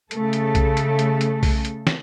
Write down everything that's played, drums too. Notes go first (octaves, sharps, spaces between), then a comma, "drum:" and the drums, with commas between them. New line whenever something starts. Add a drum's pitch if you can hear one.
C#3 A3 A4, drum: hi-hat
drum: hi-hat
drum: kick B1, hi-hat
drum: hi-hat
drum: hi-hat
drum: hi-hat
drum: kick B1, open hi-hat
drum: hi-hat
drum: snare